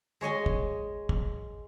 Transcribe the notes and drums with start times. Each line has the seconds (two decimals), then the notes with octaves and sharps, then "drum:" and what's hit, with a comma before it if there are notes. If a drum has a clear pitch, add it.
0.21 G#3 C#5 D#5 G#5
0.46 drum: kick
1.09 drum: kick